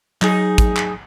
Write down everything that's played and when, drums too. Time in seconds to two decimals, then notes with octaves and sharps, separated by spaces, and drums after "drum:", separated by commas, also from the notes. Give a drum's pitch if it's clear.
0.22 F#3 D#4 G#4, drum: clap
0.58 drum: kick, hi-hat
0.76 drum: clap